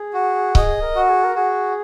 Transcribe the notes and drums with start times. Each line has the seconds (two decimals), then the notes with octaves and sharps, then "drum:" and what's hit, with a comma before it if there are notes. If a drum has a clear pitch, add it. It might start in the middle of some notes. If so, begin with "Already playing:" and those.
Already playing: G#4
0.14 F#4
0.55 G#4 D#5, drum: kick C#1
0.82 A#4
0.96 F#4
1.09 G#4
1.24 A#4
1.35 F#4 G#4